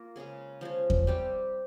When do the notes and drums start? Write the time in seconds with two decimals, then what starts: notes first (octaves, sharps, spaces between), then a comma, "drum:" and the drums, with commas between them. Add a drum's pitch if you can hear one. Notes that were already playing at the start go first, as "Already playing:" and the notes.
Already playing: A#3 F4 A#4
0.16 C#3 G#3 C#4 G#4
0.61 F3 G#3 C#4
0.90 drum: kick E2
1.07 G3 C4 G4